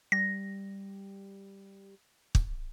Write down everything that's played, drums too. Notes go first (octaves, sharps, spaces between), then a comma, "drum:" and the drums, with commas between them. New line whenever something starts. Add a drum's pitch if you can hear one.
G3 A#6
drum: kick